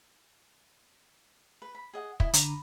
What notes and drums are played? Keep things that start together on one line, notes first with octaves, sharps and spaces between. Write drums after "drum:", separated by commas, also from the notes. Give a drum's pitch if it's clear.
B4
B5
G#4 D#5 F#5
E4 D#5 G#5, drum: kick
D3 A#5 B5, drum: hi-hat